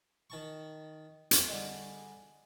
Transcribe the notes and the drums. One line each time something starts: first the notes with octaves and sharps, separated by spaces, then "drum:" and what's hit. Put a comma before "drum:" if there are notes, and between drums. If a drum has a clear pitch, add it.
D#3 A5 C#6
drum: hi-hat
D3 G3 G#3